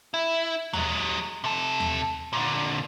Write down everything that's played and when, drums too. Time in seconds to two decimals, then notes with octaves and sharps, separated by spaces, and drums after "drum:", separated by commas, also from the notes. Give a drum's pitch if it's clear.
0.14 E4
0.73 F#3 G#3, drum: tom D#2
1.44 C3 A4
1.80 drum: tom D#2
2.33 A#2 D3